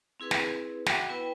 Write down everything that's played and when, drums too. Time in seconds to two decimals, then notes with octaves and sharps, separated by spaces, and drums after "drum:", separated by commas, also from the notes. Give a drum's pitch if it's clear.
0.20 C4 E4 G#4 B4
0.31 drum: snare
0.86 F#4 E5 F#5 G5 D6, drum: snare
1.09 B3 E4 B4 G5